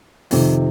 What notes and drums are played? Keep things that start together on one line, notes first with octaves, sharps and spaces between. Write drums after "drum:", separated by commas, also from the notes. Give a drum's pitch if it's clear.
F2 C3 D#3, drum: open hi-hat